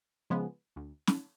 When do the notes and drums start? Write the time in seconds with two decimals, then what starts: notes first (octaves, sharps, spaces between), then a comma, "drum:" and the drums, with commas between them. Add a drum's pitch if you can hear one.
0.30 C#3 F3 G#3 B3
0.76 D2
1.07 drum: snare